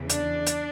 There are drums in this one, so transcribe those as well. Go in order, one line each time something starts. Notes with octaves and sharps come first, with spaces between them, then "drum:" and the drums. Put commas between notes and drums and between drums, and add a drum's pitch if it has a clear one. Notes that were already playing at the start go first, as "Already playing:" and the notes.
Already playing: E2 C#3 E3
D4, drum: hi-hat
drum: hi-hat